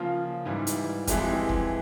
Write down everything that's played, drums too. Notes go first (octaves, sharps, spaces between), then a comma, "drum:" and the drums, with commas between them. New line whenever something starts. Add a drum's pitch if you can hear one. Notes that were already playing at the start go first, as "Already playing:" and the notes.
Already playing: C#3 F3 A#3 F4
G#2 E3 G3
drum: hi-hat
F2 E3 G#3 E4 G4, drum: kick, hi-hat
drum: kick